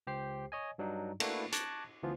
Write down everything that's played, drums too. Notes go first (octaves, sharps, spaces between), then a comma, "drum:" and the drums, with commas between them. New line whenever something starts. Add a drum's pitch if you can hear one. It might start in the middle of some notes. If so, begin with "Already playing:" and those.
C#2 G4 C5 C7
C#5 D#5 G#5
G2 F#3 D4 D#4
A3 A#3 D4 E4 F#4 B4, drum: cymbal
A5 C#6 D6 F#6 G#6 A#6, drum: hi-hat
D2 E3 F3 B3 F4